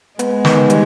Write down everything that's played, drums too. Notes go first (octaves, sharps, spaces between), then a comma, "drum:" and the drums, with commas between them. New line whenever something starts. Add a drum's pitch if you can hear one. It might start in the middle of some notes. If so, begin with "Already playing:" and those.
G#3 B3, drum: hi-hat
D#3, drum: snare
G3, drum: hi-hat